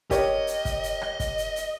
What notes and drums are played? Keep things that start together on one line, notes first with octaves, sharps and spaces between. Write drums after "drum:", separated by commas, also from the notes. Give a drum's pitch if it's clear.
G4 A#4 C#5 D#5, drum: kick, hi-hat
drum: hi-hat
drum: kick, hi-hat
drum: hi-hat
drum: rim click
drum: kick, hi-hat
drum: hi-hat
drum: hi-hat